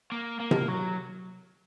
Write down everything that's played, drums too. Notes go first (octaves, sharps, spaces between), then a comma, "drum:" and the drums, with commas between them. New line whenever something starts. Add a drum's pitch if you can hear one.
A#3
A#3
drum: tom C3
F#3